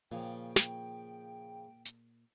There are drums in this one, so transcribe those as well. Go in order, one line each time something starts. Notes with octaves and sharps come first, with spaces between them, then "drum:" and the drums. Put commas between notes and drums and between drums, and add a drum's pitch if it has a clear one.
A#2 C#3 F3 G5
drum: snare
drum: hi-hat